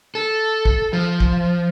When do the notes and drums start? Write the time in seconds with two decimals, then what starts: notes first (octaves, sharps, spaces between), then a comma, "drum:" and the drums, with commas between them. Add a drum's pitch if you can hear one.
0.15 A4
0.65 drum: kick
0.93 F3
1.20 drum: kick